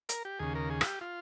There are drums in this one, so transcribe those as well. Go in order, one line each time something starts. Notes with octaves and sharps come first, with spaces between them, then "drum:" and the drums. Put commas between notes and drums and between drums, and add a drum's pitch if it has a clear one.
A#4, drum: hi-hat
G4
D#2 C#3 G#4
A#4
G#4
F4, drum: rim click
G4
F4